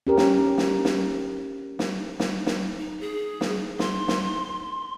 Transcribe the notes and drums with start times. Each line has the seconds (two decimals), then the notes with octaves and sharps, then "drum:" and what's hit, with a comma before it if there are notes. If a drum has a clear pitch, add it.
0.07 C#4 G4 A#4
0.17 drum: snare
0.58 drum: snare
0.85 drum: snare
1.79 drum: snare
2.20 drum: snare
2.46 drum: snare
2.79 D#4
3.00 G#4
3.41 drum: snare
3.79 C6, drum: snare
4.08 drum: snare